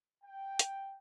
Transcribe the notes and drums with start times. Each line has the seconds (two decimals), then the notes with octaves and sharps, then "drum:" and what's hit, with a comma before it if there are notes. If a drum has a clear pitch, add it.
0.23 G5
0.59 drum: hi-hat